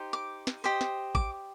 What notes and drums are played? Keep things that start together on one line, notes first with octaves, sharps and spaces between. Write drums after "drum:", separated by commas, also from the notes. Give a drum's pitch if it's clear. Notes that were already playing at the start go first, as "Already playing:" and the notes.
Already playing: D#4 G4 C5
D6
drum: snare
G4 C5 D#5
drum: snare
D6, drum: kick